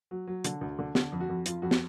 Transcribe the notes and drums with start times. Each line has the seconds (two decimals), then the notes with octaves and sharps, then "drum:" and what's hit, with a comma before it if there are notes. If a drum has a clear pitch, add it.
0.11 F#3
0.27 F#3
0.44 D3, drum: hi-hat
0.61 D2
0.79 D3
0.95 D3, drum: snare
1.12 F2
1.20 F#4
1.29 F2
1.46 F2 F4, drum: hi-hat
1.62 F2 F#4
1.71 drum: snare